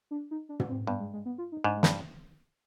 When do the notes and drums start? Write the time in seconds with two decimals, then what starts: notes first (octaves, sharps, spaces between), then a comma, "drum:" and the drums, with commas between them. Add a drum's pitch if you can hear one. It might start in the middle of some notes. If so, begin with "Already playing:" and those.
0.11 D4
0.31 D#4
0.49 D4
0.60 drum: tom
0.69 C4
0.87 G2 B3
1.00 G#3
1.13 G#3
1.26 B3
1.38 F4
1.52 D#4
1.64 G#2 D4
1.77 G#3
1.83 G2, drum: snare
1.91 G3